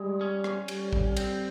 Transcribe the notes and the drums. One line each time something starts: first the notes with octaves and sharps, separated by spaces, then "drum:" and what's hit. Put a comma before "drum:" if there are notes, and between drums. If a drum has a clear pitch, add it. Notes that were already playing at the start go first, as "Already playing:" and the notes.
Already playing: G3 G#3
C#4
drum: rim click
G3, drum: cymbal
drum: kick A1
C4, drum: cymbal